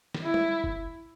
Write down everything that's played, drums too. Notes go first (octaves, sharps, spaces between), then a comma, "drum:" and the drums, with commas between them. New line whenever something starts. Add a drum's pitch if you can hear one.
drum: snare
E4
drum: tom
drum: kick F#1